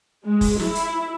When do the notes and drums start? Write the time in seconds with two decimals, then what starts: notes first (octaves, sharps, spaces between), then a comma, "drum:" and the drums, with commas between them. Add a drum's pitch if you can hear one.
0.24 G#3
0.41 drum: kick, open hi-hat
0.60 E4, drum: snare
0.75 drum: hi-hat